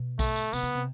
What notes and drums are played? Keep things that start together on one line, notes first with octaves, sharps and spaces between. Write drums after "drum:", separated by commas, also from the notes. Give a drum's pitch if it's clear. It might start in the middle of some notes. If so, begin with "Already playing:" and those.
Already playing: B2
A3, drum: kick A#1, tambourine
drum: tambourine
C3 B3, drum: tambourine
C#3
C3